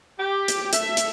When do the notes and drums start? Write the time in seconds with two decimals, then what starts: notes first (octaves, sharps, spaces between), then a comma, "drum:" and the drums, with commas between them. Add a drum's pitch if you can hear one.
0.19 G4
0.48 drum: hi-hat
0.73 A3 E5, drum: hi-hat
0.97 drum: hi-hat